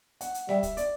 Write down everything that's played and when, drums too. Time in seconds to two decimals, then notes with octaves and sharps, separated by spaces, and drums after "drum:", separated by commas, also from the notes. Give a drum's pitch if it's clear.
0.21 F#5, drum: hi-hat
0.34 drum: hi-hat
0.49 G3 E5, drum: snare
0.63 drum: kick, hi-hat
0.77 D5, drum: hi-hat